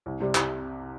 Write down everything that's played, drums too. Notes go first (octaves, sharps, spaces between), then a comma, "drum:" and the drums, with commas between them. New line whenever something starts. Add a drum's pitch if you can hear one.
C2
C3 G3
C2, drum: clap